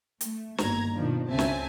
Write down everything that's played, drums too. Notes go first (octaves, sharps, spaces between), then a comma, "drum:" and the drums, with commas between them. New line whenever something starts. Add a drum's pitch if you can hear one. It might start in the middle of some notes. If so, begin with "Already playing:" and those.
A3, drum: hi-hat
G1 D#2 A#5 G#6, drum: snare
B2 D#3 F3 D4
C#2 C#3 C4 E5 G#5 A5
drum: snare